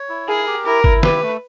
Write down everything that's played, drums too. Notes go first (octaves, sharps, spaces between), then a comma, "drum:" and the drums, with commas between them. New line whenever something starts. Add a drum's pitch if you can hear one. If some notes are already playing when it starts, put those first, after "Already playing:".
Already playing: C#5
E4
G#4 A#4
G4
E4 A#4
E4, drum: kick G#1
G4 B4, drum: snare D#3
A3